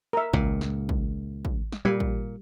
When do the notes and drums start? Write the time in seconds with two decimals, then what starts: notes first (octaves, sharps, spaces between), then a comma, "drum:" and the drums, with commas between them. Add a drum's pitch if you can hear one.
0.13 A#4 E5
0.33 C#2 A#2, drum: kick
0.61 drum: snare
0.89 drum: kick
1.45 drum: kick
1.72 drum: snare
1.85 A#2 G3
2.00 drum: kick